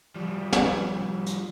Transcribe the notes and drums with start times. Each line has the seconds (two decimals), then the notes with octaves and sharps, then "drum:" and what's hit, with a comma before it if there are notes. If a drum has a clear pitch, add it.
0.16 F3 G3
0.53 drum: snare
1.26 drum: hi-hat